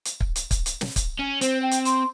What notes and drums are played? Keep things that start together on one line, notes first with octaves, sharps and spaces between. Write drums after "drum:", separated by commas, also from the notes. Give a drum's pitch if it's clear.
drum: hi-hat
drum: kick
drum: hi-hat
drum: kick, hi-hat
drum: hi-hat
drum: snare
drum: kick, hi-hat
C#4
C4 C5, drum: hi-hat
G5
drum: hi-hat
C6, drum: hi-hat